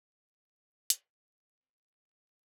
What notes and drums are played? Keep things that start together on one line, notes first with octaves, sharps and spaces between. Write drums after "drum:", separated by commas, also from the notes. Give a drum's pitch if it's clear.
A#3
B3, drum: hi-hat
C4